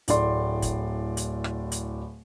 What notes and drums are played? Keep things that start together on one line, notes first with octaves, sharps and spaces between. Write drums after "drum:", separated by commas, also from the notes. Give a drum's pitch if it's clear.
D1 A2 D5 C6, drum: hi-hat
drum: kick G1, hi-hat
drum: hi-hat
drum: rim click
drum: hi-hat